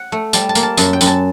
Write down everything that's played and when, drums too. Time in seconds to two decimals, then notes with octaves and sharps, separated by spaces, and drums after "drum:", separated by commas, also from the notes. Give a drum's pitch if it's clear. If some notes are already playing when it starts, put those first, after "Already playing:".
Already playing: F#5
0.12 A3
0.33 G3 A5, drum: tambourine
0.49 A5
0.55 A#3, drum: tambourine
0.63 A5
0.77 F#2 A5, drum: tambourine
0.93 G5
1.01 F#2, drum: tambourine
1.07 A5